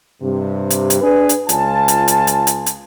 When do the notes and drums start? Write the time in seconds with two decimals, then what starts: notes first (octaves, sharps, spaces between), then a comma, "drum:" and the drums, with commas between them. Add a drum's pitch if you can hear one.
0.23 G2 C3
0.70 drum: hi-hat
0.90 drum: hi-hat
1.01 D4 G#4 B4
1.29 drum: hi-hat
1.49 C#2 F4 G#5 A5, drum: hi-hat
1.88 drum: hi-hat
2.08 drum: hi-hat
2.27 drum: hi-hat
2.47 drum: hi-hat
2.66 drum: hi-hat